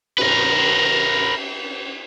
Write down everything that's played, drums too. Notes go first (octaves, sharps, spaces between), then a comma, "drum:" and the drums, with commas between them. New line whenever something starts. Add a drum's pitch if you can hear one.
A#4 B4, drum: cymbal